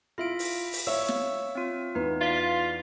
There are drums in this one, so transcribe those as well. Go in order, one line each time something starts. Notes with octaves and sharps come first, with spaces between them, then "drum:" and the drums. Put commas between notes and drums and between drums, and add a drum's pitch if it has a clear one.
E4 F4 E5 D7
drum: open hi-hat
drum: open hi-hat
C#5 E5 F5 C#6 E6
drum: snare
C4 F4
E2 B3 D#4
F4 D5 B6